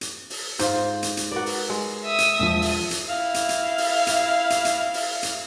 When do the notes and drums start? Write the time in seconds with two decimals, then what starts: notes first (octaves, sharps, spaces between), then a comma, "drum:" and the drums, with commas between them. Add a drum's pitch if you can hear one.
0.01 drum: hi-hat
0.30 drum: open hi-hat
0.59 G#2 F4 G6, drum: hi-hat
1.03 drum: hi-hat
1.17 drum: hi-hat
1.32 F#4 A#4 B4 D5
1.46 drum: open hi-hat
1.70 G#3
2.04 E5 D#6
2.18 drum: hi-hat
2.39 E1 F3
2.62 drum: open hi-hat
2.91 drum: hi-hat
3.07 E4 F5
3.34 drum: hi-hat
3.49 drum: hi-hat
3.78 drum: open hi-hat
4.07 drum: hi-hat
4.50 drum: hi-hat
4.65 drum: hi-hat
4.94 drum: open hi-hat
5.23 drum: hi-hat